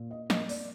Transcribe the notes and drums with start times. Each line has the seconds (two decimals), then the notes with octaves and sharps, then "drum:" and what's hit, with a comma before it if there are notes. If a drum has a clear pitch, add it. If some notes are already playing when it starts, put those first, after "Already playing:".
Already playing: A#2
0.11 D#5
0.30 A#3 D#5, drum: snare
0.49 D5, drum: open hi-hat